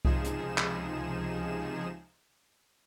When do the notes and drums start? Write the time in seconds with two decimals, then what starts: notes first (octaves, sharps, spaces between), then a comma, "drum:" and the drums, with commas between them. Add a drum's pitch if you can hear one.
0.05 C#2 C3 F3 D#4 G#4 E7, drum: kick C2
0.24 drum: hi-hat
0.58 drum: clap